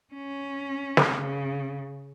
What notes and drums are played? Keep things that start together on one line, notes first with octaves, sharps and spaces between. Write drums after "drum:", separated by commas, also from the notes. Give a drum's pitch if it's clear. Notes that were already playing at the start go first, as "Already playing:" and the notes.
C#4
drum: snare
C#3